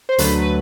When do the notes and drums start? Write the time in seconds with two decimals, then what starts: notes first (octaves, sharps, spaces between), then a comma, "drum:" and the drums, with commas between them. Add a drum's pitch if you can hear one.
0.09 C5
0.18 D2 D3 F#3 A3 B4, drum: hi-hat
0.42 B4